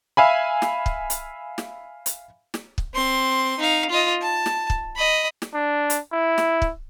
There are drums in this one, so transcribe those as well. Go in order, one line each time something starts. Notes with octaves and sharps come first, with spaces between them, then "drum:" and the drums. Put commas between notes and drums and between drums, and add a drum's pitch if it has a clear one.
E5 F5 G#5 B5
drum: snare
drum: kick
drum: hi-hat
drum: snare
drum: hi-hat
drum: snare
drum: kick
C4 C6
D#4 F5
F4 D#5
A5
drum: snare
drum: kick
D#5 B5
drum: snare
D4
drum: hi-hat
E4
drum: snare
drum: kick